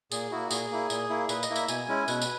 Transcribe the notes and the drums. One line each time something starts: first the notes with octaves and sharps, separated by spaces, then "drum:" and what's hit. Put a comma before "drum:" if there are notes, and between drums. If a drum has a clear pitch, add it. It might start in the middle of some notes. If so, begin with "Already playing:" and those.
A#2 G#4, drum: tambourine
A#3 E4 F#4
A#2 G#4, drum: tambourine
A#3 E4
A#2, drum: tambourine
A#3 E4
A#2 B4, drum: tambourine
D#5, drum: tambourine
A#3 E4
E5, drum: tambourine
B2 G#5, drum: tambourine
G#3 C#4 E4
B2 B4, drum: tambourine
drum: tambourine